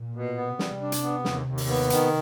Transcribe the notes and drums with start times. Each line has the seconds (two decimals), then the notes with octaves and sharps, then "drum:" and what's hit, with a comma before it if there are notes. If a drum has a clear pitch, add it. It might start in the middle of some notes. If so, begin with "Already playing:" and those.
Already playing: A#2
0.15 B2
0.37 B3
0.59 C3 G3, drum: snare
0.82 D4
0.92 drum: hi-hat
1.03 B3
1.25 D#2, drum: snare
1.47 D#2
1.58 drum: open hi-hat
1.69 B3
1.90 D#3, drum: hi-hat